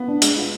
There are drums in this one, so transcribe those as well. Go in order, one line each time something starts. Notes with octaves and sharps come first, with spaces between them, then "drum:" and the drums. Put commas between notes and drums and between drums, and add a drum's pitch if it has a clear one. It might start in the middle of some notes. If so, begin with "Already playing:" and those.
Already playing: B3
D4
G#3, drum: hi-hat
F4